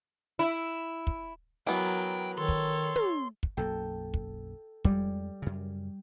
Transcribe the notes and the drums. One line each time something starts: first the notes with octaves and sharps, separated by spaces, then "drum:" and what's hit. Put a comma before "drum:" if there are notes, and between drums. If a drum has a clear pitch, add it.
E4
drum: kick
E3 F#3 B3 A#4 G5
D#3 A4 C#5 C6
drum: kick
drum: tom
drum: kick
B1 F#2 A#3 A4 G5
drum: kick
F2 G3 G#3, drum: kick
F#2 C#3